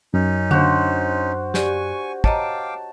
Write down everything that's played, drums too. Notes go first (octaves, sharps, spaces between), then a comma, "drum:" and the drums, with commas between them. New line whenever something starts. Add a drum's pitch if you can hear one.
F#2 C#4 D#4
D4 F#4 C5, drum: tom D3
G4 D5 G#5 C#6, drum: snare
C#5 D#5 F5 G5 A5 A#5 D6, drum: kick